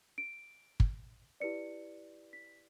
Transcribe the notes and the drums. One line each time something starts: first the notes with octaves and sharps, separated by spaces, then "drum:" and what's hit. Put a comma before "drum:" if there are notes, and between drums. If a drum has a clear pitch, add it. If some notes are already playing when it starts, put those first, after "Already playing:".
D7
drum: kick
E4 G4 B4 D5 C#7
B6